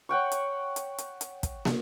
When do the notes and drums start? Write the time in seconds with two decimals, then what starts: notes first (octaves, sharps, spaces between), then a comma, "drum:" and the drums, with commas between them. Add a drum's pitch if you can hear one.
0.09 C#5 F#5 G5 C#6
0.32 drum: hi-hat
0.76 drum: hi-hat
0.98 drum: hi-hat
1.21 drum: hi-hat
1.43 drum: kick, hi-hat
1.65 drum: snare